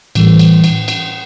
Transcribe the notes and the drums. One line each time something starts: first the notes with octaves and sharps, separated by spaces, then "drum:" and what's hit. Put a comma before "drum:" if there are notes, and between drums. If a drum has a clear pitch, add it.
A2 E3 G3, drum: cymbal
drum: cymbal
drum: cymbal
drum: cymbal